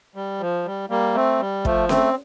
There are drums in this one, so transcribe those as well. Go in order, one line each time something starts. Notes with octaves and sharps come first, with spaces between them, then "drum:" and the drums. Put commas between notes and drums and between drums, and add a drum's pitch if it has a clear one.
G3
F3
G3
G3 A#3
A3 C4
G3
F3 A3, drum: kick
A3 C4, drum: snare C#4